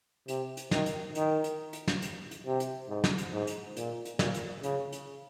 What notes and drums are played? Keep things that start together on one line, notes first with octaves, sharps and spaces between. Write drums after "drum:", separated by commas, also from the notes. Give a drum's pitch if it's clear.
C3, drum: hi-hat
drum: hi-hat
D#3, drum: snare
drum: hi-hat
D#3, drum: hi-hat
drum: hi-hat
drum: hi-hat
drum: snare
drum: hi-hat
drum: hi-hat
C3
drum: hi-hat
G#2
drum: snare
drum: hi-hat
G#2
drum: hi-hat
A#2, drum: hi-hat
drum: hi-hat
A#2, drum: snare
drum: hi-hat
C#3, drum: hi-hat
drum: hi-hat